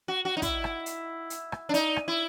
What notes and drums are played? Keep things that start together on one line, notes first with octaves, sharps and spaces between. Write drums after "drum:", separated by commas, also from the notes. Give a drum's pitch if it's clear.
F#4
F#4
D#4
E4, drum: kick, hi-hat
drum: rim click
drum: hi-hat
drum: hi-hat
drum: rim click
D4
D#4, drum: hi-hat
drum: rim click
E4